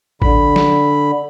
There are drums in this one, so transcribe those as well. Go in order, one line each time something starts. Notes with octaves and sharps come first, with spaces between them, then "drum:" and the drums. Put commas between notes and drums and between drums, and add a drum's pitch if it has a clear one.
D3 B5, drum: kick G#1
drum: snare